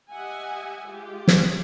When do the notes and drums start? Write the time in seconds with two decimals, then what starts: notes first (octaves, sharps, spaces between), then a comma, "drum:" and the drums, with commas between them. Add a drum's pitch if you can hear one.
0.10 G4 D#5 E5 F#5 G#5
0.87 G#3 F4 G4
1.28 drum: snare